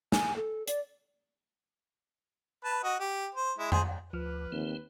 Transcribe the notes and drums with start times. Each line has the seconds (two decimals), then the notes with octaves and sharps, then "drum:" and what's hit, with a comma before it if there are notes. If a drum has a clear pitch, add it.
0.12 G#5, drum: snare
0.36 A4
0.68 D5, drum: hi-hat
2.64 B4 A5
2.83 F#4 D#5
3.00 G4
3.34 C5
3.58 G#3 E4
3.72 G#4 C5, drum: tom F2
4.13 D2 F3 B4 F6
4.52 D#2 C4